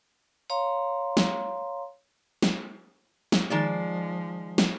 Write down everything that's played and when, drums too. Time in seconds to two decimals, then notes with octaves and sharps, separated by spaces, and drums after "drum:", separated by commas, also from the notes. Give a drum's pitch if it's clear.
0.50 C#5 F5 A#5 C6
1.17 drum: snare
2.43 drum: snare
3.32 drum: snare
3.50 D#3 F3 G#3 D5
4.58 drum: snare